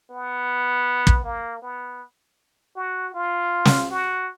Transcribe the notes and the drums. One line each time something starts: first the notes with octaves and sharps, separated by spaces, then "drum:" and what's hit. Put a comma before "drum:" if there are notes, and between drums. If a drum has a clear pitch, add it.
B3
drum: kick
A#3
B3
F#4
F4
drum: snare
F#4